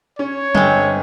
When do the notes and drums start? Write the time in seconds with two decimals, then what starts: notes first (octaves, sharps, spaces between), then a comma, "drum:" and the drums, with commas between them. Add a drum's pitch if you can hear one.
0.19 C#4 C#5
0.55 G1 G#3 C4, drum: tom F#3